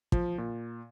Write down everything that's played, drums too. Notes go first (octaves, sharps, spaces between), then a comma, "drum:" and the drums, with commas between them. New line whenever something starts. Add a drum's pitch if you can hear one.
F3, drum: kick
A#2